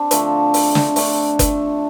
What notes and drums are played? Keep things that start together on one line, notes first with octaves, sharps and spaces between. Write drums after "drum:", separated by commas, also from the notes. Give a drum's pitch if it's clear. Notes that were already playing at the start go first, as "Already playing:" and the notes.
Already playing: C4 D4
D3 F3 A3, drum: hi-hat
drum: open hi-hat
drum: snare
D3 A3, drum: open hi-hat
drum: kick F#1, hi-hat